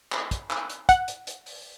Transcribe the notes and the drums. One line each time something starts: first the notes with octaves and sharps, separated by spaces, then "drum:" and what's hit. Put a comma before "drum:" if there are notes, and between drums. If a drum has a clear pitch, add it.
drum: clap
drum: kick, hi-hat
drum: clap
drum: hi-hat
F#5, drum: kick, hi-hat
drum: hi-hat
drum: hi-hat
drum: open hi-hat